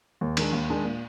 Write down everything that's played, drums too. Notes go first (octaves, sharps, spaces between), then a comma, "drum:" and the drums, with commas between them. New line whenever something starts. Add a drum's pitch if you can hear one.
D#2
D#3 G#3 D4, drum: cymbal
D#2
D#3 G#3 D4
A#2